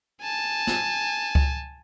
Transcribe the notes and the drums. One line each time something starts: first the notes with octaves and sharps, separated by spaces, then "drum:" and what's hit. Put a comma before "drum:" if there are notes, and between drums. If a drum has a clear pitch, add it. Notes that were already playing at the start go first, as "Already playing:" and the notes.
G#5 A5
drum: snare
drum: kick C#2